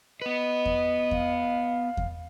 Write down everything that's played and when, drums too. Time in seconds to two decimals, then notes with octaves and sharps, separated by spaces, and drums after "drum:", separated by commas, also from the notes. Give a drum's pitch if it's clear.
0.22 B3 B4 D#5
0.65 drum: kick E2
1.11 F5, drum: kick E2
1.97 drum: kick E2